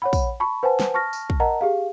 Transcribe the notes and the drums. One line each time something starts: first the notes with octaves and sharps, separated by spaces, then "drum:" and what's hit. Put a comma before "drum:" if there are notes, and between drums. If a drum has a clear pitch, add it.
C#5 F#5 B5
drum: kick, tambourine
A5 B5 C#6
B4 C5 F#5 G#5 A5
drum: snare
A5 C#6 F6 A#6
drum: tambourine
drum: kick
A#4 D#5 F#5 A5 A#5
G4 G#4 F5